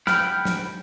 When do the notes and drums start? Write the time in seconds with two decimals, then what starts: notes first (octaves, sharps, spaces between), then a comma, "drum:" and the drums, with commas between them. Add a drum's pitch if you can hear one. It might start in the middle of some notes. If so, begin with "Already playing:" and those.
0.07 F#5 G5 B5 F6, drum: snare
0.45 drum: snare